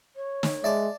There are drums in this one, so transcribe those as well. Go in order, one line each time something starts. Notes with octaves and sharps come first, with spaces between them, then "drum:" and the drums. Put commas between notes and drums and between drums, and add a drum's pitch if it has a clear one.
C#5
drum: snare
G#3 D5 E5 A5 D6